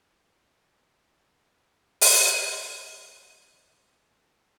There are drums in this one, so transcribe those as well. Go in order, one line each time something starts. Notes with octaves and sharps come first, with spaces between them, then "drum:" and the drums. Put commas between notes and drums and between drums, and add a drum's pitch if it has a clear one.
E4 A#4
D4 A#4
A4
A4
D#4 B4
drum: open hi-hat
F4 G4
F#4
E4 F4
E4
F4
E4